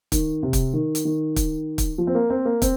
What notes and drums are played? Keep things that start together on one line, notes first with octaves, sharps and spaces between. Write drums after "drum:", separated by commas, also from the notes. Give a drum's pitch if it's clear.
D#3, drum: kick, hi-hat
C3
drum: kick, hi-hat
D#3
drum: hi-hat
D#3
drum: kick, hi-hat
drum: kick, hi-hat
F3
C4
A#3
C4
A#3
C4, drum: kick, hi-hat